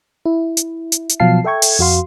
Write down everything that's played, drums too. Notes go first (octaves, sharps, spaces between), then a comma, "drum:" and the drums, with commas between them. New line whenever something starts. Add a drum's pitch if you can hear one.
E4
drum: hi-hat
drum: hi-hat
drum: hi-hat
B2 F3 F#3 F5 A5 C7
A4 E5 G5 C#6 G#6
drum: open hi-hat
F2 F#4 F5 C6